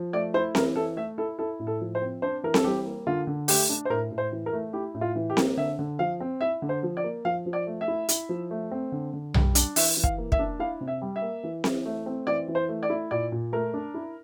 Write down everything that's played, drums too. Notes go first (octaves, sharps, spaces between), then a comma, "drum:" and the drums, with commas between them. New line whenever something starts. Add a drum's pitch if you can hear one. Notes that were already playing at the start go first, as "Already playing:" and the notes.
Already playing: F3
A3 D5
E4 C5
E3 A#4, drum: snare C4
E3 A4
A3 E5
E4 A4
E4 A4
A2
A4
F3
C5
C4
D4 C5
E3 A#4
A4, drum: snare C4
G3 G4
A#3
D3 F4
D3
A3 G4, drum: open hi-hat
D4
C5
A2 A#4
A2
C5
E3
A#4
A3
E4 G4
A2
F4
E3
G4
A#3, drum: snare C4
D3 E5
D3
F3 F5
C4
E4 E5
D3
C5
F3
D5
A#3
F3 F5
F3
D5
A3
E5
E4
E4, drum: hi-hat
F3
A3
C4
D3
D3
G3, drum: tom B1
D4, drum: hi-hat
E3 E5, drum: open hi-hat
E3
F5, drum: kick
A#3
E5, drum: kick
D4
E4 F5
C3
E5
G3
E5
A#3
E3
E3, drum: snare C4
A3
C4
E3 D5
E3
C5
A3
D5
E4
A#2 D5
A#2
A3 A#4
D4
E4